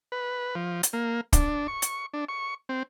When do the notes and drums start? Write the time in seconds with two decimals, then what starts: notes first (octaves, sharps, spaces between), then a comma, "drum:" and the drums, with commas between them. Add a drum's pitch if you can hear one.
0.12 B4
0.55 F3
0.83 drum: hi-hat
0.93 A#3
1.33 D4, drum: kick, hi-hat
1.68 C#6
1.82 drum: hi-hat
2.14 D4
2.29 C#6
2.69 C4